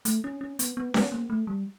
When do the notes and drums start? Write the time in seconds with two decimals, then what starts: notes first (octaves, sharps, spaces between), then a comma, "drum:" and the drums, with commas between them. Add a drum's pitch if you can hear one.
0.05 A3, drum: hi-hat
0.24 C#4
0.41 C#4
0.59 B3, drum: hi-hat
0.77 B3
0.94 B3, drum: snare C#4
1.12 A#3
1.30 A3
1.47 G3